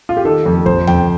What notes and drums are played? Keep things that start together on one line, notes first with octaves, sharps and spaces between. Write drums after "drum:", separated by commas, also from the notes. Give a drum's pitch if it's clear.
F4
G4
D#3 A4
F2
F2 C5, drum: kick
F2 G5, drum: tom D#2